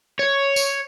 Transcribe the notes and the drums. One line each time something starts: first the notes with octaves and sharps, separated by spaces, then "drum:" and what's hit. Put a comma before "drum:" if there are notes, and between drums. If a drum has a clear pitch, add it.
C#5
drum: tambourine